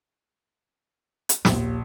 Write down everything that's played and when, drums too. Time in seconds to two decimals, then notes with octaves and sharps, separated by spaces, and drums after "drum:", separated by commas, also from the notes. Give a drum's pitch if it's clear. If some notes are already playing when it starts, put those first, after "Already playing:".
1.29 drum: hi-hat
1.45 A#1 D#2, drum: snare